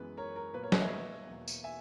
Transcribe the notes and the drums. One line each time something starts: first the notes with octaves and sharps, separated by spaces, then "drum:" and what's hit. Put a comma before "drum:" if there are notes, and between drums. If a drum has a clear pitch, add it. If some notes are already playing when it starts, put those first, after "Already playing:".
Already playing: F#2 E3 G#3 B3 B4
A#4 C#5
A#4
A#2 F#3 B3 B4
A#4 C#5
B4 D#5, drum: snare
C#5 E5
E2 B2 A#3
drum: tambourine
E5 G#5